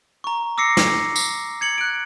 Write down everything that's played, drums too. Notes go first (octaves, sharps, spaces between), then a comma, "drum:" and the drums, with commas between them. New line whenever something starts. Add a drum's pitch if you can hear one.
A#5 C#6
D6 E6 A#6 C7 C#7
drum: snare
drum: tambourine
G#6 C#7 F#7
F#6 D7